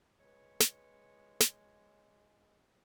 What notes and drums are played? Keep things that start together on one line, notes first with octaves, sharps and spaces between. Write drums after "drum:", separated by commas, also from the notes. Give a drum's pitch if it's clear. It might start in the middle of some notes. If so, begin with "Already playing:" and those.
G#3 B4 C#5
drum: snare
drum: snare